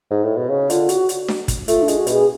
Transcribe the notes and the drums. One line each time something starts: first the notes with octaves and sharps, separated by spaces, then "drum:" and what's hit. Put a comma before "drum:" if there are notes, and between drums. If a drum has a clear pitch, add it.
G#2
A2
B2
C#3
D3 F4, drum: hi-hat
F#4, drum: hi-hat
drum: hi-hat
drum: snare D4
drum: kick, hi-hat
A3 F4, drum: hi-hat
D4
G#3, drum: hi-hat
F#4
B2, drum: hi-hat
G#4